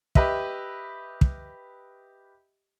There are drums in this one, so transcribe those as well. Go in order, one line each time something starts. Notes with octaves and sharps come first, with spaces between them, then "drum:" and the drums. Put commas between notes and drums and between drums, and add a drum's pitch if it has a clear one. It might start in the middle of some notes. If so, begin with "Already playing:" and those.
G4 B4 D#5 E5, drum: kick
drum: kick